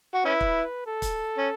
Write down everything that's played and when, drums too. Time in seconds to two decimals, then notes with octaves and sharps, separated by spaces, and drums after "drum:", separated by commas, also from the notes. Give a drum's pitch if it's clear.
0.14 F#4
0.25 C#4 E4 B4
0.41 drum: kick
0.86 A4
1.02 drum: kick, hi-hat
1.38 C#4